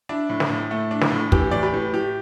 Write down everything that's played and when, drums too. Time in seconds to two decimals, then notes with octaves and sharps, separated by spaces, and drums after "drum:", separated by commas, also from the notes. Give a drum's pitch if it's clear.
0.09 D4 E4
0.29 A2
0.40 drum: snare
0.50 A2
0.71 A3
0.91 D4
1.01 drum: snare
1.12 A2
1.32 E3 G4, drum: kick
1.51 A2 D5
1.63 G4 B4
1.73 A2
1.93 A2 G4